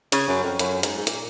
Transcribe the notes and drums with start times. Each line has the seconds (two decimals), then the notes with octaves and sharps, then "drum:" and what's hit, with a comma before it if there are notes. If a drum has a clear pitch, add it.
0.12 C#3, drum: hi-hat
0.28 F#2
0.44 F2
0.59 F#2, drum: hi-hat
0.83 G#2, drum: hi-hat
0.98 G#2
1.07 A#2, drum: hi-hat